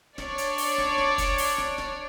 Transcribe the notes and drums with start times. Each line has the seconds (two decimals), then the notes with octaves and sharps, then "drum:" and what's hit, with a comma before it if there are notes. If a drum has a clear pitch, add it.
0.18 D4 C#5 D5, drum: snare
0.38 drum: hi-hat
0.58 drum: open hi-hat
0.78 drum: snare
0.98 drum: snare
1.18 drum: kick, hi-hat
1.38 drum: open hi-hat
1.58 drum: snare
1.78 drum: snare